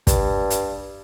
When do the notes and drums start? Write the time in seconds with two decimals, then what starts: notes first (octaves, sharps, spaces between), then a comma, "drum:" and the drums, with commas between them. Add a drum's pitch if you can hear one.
0.07 G2, drum: kick, hi-hat
0.50 drum: hi-hat